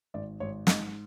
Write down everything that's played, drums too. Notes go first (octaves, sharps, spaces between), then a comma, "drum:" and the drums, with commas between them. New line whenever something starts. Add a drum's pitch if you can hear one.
G#1 D5
G#1 C#5
G#2 D#5, drum: snare